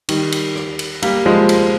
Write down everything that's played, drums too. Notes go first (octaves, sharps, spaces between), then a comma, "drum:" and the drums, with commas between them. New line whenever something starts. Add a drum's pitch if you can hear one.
D#3 G3, drum: cymbal
drum: cymbal
drum: rim click
drum: cymbal
G3 A#3, drum: cymbal
F3 G#3
drum: cymbal